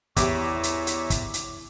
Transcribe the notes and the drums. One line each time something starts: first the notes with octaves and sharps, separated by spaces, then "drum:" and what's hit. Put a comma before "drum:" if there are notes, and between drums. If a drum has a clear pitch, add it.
E2 E4 G4 C#5 E5 D6, drum: kick, hi-hat
drum: hi-hat
drum: hi-hat
drum: kick, hi-hat
drum: hi-hat